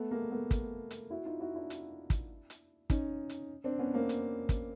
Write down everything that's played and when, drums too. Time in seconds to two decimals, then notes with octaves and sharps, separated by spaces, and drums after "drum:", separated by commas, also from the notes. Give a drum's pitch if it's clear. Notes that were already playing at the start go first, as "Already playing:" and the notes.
Already playing: A3 B3
0.11 G#3 A#3
0.31 A3 B3
0.51 drum: kick, hi-hat
0.91 drum: hi-hat
1.10 E4 F#4
1.25 D#4 F4
1.40 E4 F#4
1.55 D4 E4
1.70 drum: hi-hat
2.10 drum: kick, hi-hat
2.50 drum: hi-hat
2.90 C#4 D#4, drum: kick, hi-hat
3.29 drum: hi-hat
3.64 C4 D4
3.79 B3 C#4
3.94 A#3 C4
4.09 drum: hi-hat
4.49 drum: kick, hi-hat